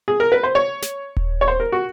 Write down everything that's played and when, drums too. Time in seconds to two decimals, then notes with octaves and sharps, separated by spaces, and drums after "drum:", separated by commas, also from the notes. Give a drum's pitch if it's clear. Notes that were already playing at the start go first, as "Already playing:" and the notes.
0.08 G#4
0.20 A#4
0.32 B4
0.43 C5
0.55 C#5
0.82 drum: snare
1.17 drum: kick D#1
1.41 C#5
1.48 C5
1.60 A#4
1.72 F#4